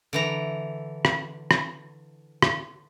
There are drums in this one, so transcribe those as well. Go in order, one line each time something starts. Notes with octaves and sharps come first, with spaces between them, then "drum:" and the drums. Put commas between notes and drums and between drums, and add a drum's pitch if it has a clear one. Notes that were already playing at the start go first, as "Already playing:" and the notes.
D3 E3 A#5
drum: rim click
drum: rim click
drum: rim click